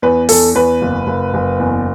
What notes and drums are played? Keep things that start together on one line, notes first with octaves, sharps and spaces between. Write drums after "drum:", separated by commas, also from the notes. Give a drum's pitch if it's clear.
E2 B4
E2 A4, drum: open hi-hat
E2 B4
F#1
F#1
F#1
E2